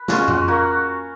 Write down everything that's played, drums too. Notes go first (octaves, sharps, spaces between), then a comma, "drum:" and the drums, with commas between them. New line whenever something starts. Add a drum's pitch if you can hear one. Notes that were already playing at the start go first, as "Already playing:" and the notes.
Already playing: B4
G#3 C#4 F4 F#4, drum: snare
F#4, drum: tom F2
A#3 F#4